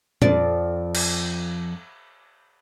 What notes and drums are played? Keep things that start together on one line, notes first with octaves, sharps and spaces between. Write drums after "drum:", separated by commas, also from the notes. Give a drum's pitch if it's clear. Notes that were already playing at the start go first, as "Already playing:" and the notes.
F2 D5, drum: tom
drum: cymbal